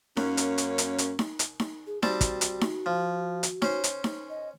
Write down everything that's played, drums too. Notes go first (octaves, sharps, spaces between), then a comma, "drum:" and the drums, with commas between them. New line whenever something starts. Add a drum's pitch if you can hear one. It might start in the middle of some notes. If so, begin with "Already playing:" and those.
F#2 A#3 C#4, drum: snare D#4
drum: hi-hat
drum: hi-hat
drum: hi-hat
drum: hi-hat
drum: snare D#4
drum: hi-hat
drum: snare D#4
G#4
G3 C4 F#4 A5, drum: snare D#4
drum: kick, hi-hat
drum: hi-hat
drum: snare D#4
F3
drum: hi-hat
C#4 C5, drum: snare D#4
drum: hi-hat
drum: snare D#4
D#5